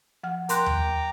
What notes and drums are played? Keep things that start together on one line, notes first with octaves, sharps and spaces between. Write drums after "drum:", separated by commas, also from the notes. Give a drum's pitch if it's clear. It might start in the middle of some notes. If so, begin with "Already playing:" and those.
F3 F#5 F6
A#4 G5 A#5 C6 D6 F#6, drum: hi-hat
drum: tom D#2